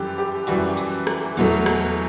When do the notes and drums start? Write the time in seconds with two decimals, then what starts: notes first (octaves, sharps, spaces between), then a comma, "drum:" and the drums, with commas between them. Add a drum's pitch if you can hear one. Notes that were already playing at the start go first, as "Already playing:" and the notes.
Already playing: F#2 E3 G3 G4 A4
0.18 G4
0.47 F#2 E3 G3 F#4, drum: hi-hat
0.77 drum: hi-hat
1.07 drum: rim click
1.37 E2 B2 F#3 A3, drum: hi-hat
1.66 drum: rim click